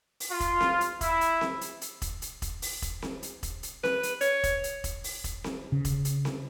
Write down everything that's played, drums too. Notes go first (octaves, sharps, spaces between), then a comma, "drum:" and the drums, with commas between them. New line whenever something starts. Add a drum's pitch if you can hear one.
drum: open hi-hat
F4
drum: kick E1, hi-hat
drum: snare C4
drum: hi-hat
E4, drum: kick E1, hi-hat
drum: hi-hat
drum: snare C4
drum: hi-hat
drum: hi-hat
drum: kick E1, hi-hat
drum: hi-hat
drum: kick E1, hi-hat
drum: open hi-hat
drum: kick E1, hi-hat
drum: snare C4
drum: hi-hat
drum: kick E1, hi-hat
drum: hi-hat
B4, drum: snare C4
drum: hi-hat
C#5, drum: hi-hat
drum: kick E1, hi-hat
drum: hi-hat
drum: kick E1, hi-hat
drum: open hi-hat
drum: kick E1, hi-hat
drum: snare C4
C#3
drum: kick E1, hi-hat
drum: hi-hat
drum: snare C4